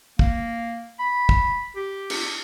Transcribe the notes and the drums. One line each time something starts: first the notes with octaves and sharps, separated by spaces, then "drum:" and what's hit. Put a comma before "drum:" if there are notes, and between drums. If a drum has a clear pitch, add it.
A#3, drum: kick
B5
drum: kick
G4
drum: cymbal